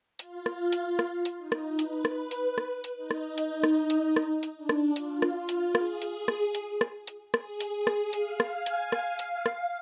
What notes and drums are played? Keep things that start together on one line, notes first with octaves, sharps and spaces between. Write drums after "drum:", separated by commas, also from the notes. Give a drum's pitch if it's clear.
F4, drum: hi-hat
drum: rim click
drum: hi-hat
drum: rim click
drum: hi-hat
D#4
drum: rim click
B4, drum: hi-hat
drum: rim click
drum: hi-hat
drum: rim click
drum: hi-hat
D#4
drum: rim click
D#4, drum: hi-hat
drum: rim click
drum: hi-hat
drum: rim click
drum: hi-hat
D4
drum: rim click
F4, drum: hi-hat
drum: rim click
drum: hi-hat
G#4, drum: rim click
drum: hi-hat
drum: rim click
drum: hi-hat
drum: rim click
drum: hi-hat
G#4, drum: rim click
drum: hi-hat
drum: rim click
F5, drum: hi-hat
drum: rim click
G#5
drum: hi-hat
F5, drum: rim click
drum: hi-hat
drum: rim click